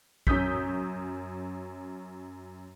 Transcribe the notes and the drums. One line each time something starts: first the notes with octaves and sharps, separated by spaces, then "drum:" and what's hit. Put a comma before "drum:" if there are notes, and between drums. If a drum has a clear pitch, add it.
F#2 C#4 D#6 E6 G6 B6, drum: kick